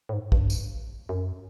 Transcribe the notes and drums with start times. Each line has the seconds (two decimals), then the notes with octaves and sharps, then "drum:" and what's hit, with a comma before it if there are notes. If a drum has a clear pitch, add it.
0.09 A2
0.13 G#2
0.32 G2, drum: kick
0.50 drum: tambourine
1.09 F#2